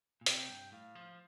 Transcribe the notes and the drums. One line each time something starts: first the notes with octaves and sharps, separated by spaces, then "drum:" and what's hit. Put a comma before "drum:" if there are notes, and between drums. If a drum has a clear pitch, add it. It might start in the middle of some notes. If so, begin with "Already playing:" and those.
A#2
C3 G5, drum: hi-hat
G2
A2 F5
F3